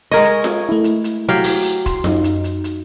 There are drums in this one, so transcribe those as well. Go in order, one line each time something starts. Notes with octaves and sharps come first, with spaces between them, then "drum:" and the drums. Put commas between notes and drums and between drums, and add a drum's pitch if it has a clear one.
G#3 A#4 D#5 C#6 G#6
drum: hi-hat
drum: snare F4
A3 E4
drum: hi-hat
drum: hi-hat
F#3 G4 F5
drum: open hi-hat
drum: hi-hat
C6, drum: kick, hi-hat
F#2 D#4, drum: snare F4
drum: hi-hat
drum: hi-hat
drum: hi-hat